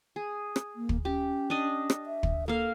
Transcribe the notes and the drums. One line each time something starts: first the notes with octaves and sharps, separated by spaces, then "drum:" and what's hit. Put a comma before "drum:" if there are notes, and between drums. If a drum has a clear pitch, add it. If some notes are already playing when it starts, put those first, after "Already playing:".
G#4
drum: rim click
A#3
drum: kick
C#4 G4
D4 D#5
drum: rim click
E5
drum: kick
A#3 A4 F5